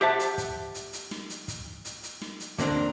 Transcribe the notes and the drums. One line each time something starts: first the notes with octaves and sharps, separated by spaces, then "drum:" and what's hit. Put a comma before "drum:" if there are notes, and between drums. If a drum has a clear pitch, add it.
G4 C5 E5 F#5 A5
drum: hi-hat
drum: kick, hi-hat
drum: hi-hat
drum: hi-hat
drum: snare
drum: hi-hat
drum: kick, hi-hat
drum: hi-hat
drum: hi-hat
drum: snare
drum: hi-hat
D3 A#3 C4 D4 A#4, drum: kick, hi-hat